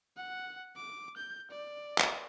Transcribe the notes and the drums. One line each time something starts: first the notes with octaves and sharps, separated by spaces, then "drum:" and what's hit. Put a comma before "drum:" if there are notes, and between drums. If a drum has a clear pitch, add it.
F#5
D6
G6
D5
drum: clap